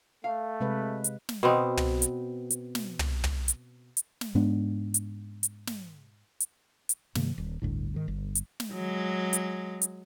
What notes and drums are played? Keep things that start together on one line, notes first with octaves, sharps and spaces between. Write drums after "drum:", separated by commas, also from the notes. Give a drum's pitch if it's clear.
A3 F5
C3 G#3 B4
drum: hi-hat
drum: snare
B2 B3 C4
drum: tom
drum: hi-hat
drum: hi-hat
drum: snare
drum: tom
drum: tom
drum: hi-hat
drum: hi-hat
drum: snare
G#2 G#3 B3 D4
drum: hi-hat
drum: hi-hat
drum: snare
drum: hi-hat
drum: hi-hat
G2 C3 D#3 A#3, drum: snare
D#1
G1 D2 A2
G#2 D#3
G1
drum: hi-hat
drum: snare
F#3 G#3
drum: hi-hat
drum: hi-hat